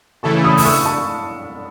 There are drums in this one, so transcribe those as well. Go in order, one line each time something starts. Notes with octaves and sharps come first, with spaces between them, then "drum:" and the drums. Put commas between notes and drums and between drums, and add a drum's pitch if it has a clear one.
C#3 E3 A3 E4 A4 A5 C#6
B5 D#6
D#6, drum: open hi-hat
C#6 E6
A5 C#6